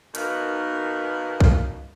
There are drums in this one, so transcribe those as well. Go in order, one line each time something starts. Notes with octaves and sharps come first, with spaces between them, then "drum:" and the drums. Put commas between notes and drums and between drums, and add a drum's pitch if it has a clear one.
B2 D#3 A#3 D#4 A#4 B4, drum: hi-hat
drum: kick B1